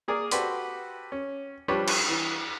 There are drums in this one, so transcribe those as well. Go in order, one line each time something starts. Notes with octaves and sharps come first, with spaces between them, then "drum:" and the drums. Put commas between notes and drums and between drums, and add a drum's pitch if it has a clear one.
A#3 G#4 A#4 D5
F#4 G4 A4 B4 C5 D5, drum: hi-hat
C#4
F3 G3 D4 B4 C#5
drum: cymbal
E3